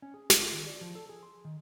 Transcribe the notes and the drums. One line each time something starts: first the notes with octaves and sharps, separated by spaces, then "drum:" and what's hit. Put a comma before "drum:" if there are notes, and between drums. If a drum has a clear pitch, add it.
C#4
G#4
D#4, drum: snare
F4
D#3
D5
F3
A4
G#4
C6
D#3